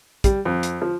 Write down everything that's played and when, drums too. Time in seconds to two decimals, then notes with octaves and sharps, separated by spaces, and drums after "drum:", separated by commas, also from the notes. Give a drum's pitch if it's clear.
0.24 G3, drum: kick, hi-hat
0.45 F2
0.63 drum: hi-hat
0.82 F3